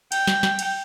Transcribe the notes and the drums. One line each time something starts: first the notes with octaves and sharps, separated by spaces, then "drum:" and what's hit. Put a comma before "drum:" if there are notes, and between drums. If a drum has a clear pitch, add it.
G5, drum: cymbal
drum: snare
drum: snare
drum: cymbal